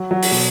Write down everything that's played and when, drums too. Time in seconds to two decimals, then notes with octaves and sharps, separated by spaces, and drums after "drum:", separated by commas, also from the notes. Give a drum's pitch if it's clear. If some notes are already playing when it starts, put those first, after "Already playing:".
Already playing: F#3
0.11 F#3
0.22 drum: open hi-hat
0.32 B2